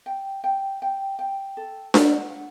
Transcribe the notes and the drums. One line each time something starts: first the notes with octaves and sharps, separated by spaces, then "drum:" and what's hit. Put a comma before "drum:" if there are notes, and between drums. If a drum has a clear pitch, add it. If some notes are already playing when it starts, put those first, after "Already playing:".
G5
G5
G5
G5
A4
F#5, drum: snare D4
F#5